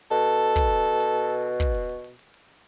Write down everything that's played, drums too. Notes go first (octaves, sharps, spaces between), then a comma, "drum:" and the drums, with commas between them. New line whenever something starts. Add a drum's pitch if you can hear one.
B2 A4
drum: hi-hat
drum: kick, hi-hat
drum: hi-hat
drum: hi-hat
drum: open hi-hat
drum: hi-hat
drum: kick, hi-hat
drum: hi-hat
drum: hi-hat
drum: hi-hat
drum: hi-hat
drum: hi-hat